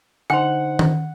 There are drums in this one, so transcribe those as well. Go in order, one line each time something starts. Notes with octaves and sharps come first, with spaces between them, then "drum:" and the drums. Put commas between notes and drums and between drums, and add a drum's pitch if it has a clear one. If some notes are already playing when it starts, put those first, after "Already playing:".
D3 D#4 C5 F#5 G#5 C6
drum: tom D#3